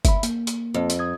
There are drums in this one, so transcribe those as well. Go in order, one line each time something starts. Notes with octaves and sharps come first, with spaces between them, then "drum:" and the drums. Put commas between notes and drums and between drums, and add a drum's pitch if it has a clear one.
E5 B5, drum: kick F#1, hi-hat
A#3, drum: hi-hat
drum: hi-hat
F2
drum: hi-hat
D#6 G#6